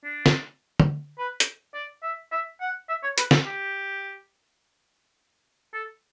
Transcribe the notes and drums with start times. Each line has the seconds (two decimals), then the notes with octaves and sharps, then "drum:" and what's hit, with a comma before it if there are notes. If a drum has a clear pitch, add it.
0.04 D4
0.26 drum: snare
0.80 drum: tom
1.18 B4
1.40 drum: hi-hat
1.74 D5
2.03 E5
2.32 E5
2.61 F#5
2.89 E5
3.03 C#5
3.18 B4, drum: hi-hat
3.31 A4, drum: snare
3.46 G4
5.74 A4